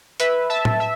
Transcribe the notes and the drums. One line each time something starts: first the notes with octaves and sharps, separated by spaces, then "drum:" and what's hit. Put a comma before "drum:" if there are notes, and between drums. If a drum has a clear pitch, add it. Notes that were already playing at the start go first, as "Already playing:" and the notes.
B4 E5, drum: hi-hat
E5 A5
drum: tom A2
E5